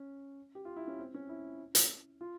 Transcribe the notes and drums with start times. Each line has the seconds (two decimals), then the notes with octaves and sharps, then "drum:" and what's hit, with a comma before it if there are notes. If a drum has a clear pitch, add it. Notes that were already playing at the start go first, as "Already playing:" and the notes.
Already playing: C#4
0.55 G4
0.65 F4
0.76 E4
0.88 C#4
0.99 C4
1.14 C#4
1.29 E4
1.75 drum: hi-hat
2.21 F4